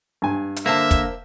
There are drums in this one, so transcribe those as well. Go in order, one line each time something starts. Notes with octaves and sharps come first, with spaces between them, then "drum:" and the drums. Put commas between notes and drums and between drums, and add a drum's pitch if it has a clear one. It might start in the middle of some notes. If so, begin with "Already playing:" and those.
G2 G#5
drum: hi-hat
D3 A#3 A#4 C5 E5 A5
drum: kick, hi-hat